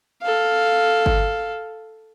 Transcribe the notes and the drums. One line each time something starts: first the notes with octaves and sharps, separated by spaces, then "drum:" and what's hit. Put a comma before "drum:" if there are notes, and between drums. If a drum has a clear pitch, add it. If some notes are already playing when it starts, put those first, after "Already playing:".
A4 F5
drum: kick G1